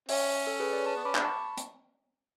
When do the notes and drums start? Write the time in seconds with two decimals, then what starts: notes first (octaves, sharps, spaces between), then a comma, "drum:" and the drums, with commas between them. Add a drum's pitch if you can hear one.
0.09 C#4 C#5 E5, drum: open hi-hat
0.47 A4 C#5
0.60 G#4 B4
0.73 B4 D5
0.85 C#4 A5 C#6
0.96 B3
1.05 C#4 B5 D6
1.15 D4 B5, drum: clap
1.24 A5 C#6
1.58 drum: hi-hat